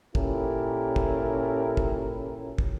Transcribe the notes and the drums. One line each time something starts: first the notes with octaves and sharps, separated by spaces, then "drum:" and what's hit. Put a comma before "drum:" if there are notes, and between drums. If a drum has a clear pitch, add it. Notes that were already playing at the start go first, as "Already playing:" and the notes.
A#2 C#4 E4 G4 A4 A#4, drum: kick
drum: kick
drum: kick
drum: kick